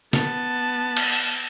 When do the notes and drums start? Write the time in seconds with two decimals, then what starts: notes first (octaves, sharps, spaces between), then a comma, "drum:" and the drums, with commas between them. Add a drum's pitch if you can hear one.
0.13 B3 A5, drum: snare
0.97 drum: cymbal